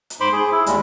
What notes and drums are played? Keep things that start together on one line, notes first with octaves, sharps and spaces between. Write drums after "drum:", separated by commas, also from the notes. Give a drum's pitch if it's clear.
drum: hi-hat
G#2 C5 B5 C6 D6
G#4
E4
D#2 G3 G#3, drum: hi-hat